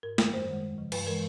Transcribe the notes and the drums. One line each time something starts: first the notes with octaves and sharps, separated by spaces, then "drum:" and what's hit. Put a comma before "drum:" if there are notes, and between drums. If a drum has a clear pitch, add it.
G#2 A#4
D#3 G3, drum: snare
F#2 C5
D#3 G#3
E2
C#3 F3
G2 B4, drum: cymbal
E3 G#3 A#4